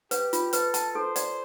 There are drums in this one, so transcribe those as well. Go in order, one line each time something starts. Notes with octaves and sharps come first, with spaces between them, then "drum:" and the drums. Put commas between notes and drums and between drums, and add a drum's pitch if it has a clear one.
G4 B4, drum: hi-hat
F4, drum: hi-hat
A4 B4, drum: hi-hat
A5, drum: hi-hat
A4 C5
D5, drum: hi-hat